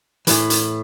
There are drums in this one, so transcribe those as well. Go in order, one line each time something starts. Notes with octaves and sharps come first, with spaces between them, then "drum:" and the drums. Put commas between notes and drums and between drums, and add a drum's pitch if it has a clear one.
A2 E3, drum: hi-hat
drum: hi-hat